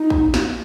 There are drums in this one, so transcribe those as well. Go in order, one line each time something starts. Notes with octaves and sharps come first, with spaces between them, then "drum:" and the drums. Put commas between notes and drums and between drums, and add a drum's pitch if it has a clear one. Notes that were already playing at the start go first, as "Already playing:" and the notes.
Already playing: D#4
drum: kick
drum: snare